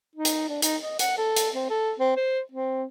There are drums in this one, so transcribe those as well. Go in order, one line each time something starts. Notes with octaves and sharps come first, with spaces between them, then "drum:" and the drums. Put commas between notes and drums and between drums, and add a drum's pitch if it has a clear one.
D#4
drum: hi-hat
D4
D#4, drum: hi-hat
D#5
F#5, drum: hi-hat
A4
drum: hi-hat
C4
A4
C4
C5
C4